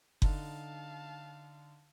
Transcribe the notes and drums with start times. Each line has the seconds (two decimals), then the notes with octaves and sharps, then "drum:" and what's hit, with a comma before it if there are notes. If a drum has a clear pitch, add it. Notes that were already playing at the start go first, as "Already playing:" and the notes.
0.22 D3 D#4 F5 A5, drum: kick F#1